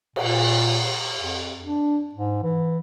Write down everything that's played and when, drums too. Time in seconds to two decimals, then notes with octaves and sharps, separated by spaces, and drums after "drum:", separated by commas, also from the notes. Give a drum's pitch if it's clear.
0.16 A#2, drum: cymbal
1.18 F2
1.64 D4
2.15 G#2
2.43 E3